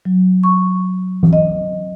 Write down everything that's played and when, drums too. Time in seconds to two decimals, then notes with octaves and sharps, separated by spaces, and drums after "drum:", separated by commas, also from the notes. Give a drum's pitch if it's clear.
0.05 F#3
0.43 C#6
1.23 drum: tom E3
1.33 D#5